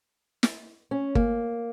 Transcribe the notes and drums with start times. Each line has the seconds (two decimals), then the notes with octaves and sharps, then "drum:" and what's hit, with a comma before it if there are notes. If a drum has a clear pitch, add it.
0.43 drum: snare
0.91 C#4
1.15 A#3, drum: kick G1